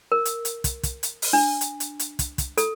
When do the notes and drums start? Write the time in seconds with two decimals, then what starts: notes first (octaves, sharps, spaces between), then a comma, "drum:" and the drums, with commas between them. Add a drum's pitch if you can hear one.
0.12 A#4
0.25 drum: hi-hat
0.45 drum: hi-hat
0.64 drum: kick, hi-hat
0.83 drum: kick, hi-hat
1.03 drum: hi-hat
1.22 drum: open hi-hat
1.33 D4
1.61 drum: hi-hat
1.80 drum: hi-hat
1.99 drum: hi-hat
2.19 drum: kick, hi-hat
2.38 drum: kick, hi-hat
2.57 A4, drum: hi-hat